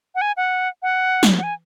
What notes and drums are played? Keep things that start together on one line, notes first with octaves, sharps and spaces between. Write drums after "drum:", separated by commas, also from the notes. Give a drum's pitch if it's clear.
F#5
G#5
F#5
F#5
drum: snare
F#5
G#5